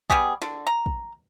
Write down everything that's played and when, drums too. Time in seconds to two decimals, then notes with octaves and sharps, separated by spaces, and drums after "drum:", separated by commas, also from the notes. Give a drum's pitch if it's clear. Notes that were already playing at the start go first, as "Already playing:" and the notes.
0.10 G3 B3 G4 G#4, drum: kick
0.42 D3, drum: snare
0.67 A#5
0.86 drum: kick